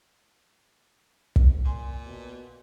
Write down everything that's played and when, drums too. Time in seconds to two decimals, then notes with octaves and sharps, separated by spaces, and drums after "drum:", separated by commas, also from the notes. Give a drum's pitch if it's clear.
1.36 drum: kick
1.65 A#2 F#5 G#5 C6
2.06 B2